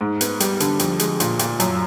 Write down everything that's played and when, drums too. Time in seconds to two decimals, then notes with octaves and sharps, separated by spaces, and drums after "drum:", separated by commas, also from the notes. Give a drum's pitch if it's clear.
0.01 G#2
0.21 B3, drum: hi-hat
0.40 G3, drum: hi-hat
0.60 D3, drum: hi-hat
0.79 F2, drum: hi-hat
1.00 G#3, drum: hi-hat
1.20 A#2, drum: hi-hat
1.39 A#2, drum: hi-hat
1.60 F#2, drum: hi-hat